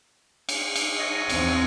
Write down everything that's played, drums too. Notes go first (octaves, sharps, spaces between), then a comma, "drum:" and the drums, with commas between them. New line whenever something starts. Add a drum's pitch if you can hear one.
drum: cymbal
drum: cymbal
F#3 D#5
E2 C4, drum: cymbal